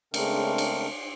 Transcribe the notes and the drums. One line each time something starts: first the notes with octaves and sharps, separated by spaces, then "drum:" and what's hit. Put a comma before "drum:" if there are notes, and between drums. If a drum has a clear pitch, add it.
C#3 G#3 A3 C4 D4 A#4, drum: cymbal
drum: cymbal